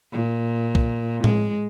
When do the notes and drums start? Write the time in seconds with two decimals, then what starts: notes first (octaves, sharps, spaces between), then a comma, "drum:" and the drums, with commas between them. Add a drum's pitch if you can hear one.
0.12 A#2
0.75 drum: kick
1.24 G#3, drum: tom A2